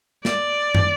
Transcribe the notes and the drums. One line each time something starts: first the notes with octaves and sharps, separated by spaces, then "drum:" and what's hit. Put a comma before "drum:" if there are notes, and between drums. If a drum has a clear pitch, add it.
D5, drum: snare
drum: tom